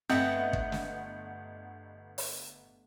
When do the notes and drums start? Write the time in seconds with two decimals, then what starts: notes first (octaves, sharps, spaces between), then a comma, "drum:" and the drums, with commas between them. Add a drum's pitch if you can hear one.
0.10 G1 A3 B3 C4 D#5 F#5 G6
0.53 drum: kick
0.72 drum: snare
2.18 drum: open hi-hat